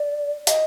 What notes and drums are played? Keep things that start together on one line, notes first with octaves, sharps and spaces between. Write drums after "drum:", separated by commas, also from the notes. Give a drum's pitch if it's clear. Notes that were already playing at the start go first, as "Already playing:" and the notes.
Already playing: D5
D#5, drum: hi-hat